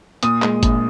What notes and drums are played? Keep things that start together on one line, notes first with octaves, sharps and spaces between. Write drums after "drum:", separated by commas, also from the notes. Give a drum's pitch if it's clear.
A#2 D#6, drum: hi-hat
G#3, drum: clap
A#1, drum: kick G1, hi-hat